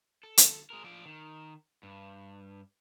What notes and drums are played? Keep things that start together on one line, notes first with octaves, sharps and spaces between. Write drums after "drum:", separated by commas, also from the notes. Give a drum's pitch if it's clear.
A4
drum: hi-hat
G#3 A#4
F3 D5
D#3
G2